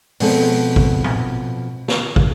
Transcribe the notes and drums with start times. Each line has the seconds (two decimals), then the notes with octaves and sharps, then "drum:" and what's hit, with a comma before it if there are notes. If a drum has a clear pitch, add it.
0.20 B2 F3 G#3 C4 A4, drum: open hi-hat
0.76 drum: kick
1.04 drum: tom
1.88 drum: snare
2.16 drum: kick